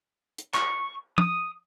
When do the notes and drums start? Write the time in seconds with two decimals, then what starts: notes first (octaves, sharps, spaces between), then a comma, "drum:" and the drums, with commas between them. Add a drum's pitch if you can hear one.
0.38 drum: hi-hat
0.54 C#6, drum: clap
1.18 D#6, drum: tom